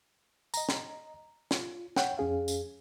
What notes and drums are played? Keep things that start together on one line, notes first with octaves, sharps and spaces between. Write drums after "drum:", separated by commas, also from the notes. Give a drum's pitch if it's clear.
D#5 A#5, drum: tambourine
drum: snare
F4, drum: snare
C#5 F#5 G5, drum: snare
F2 C#4 G#4 F5
drum: tambourine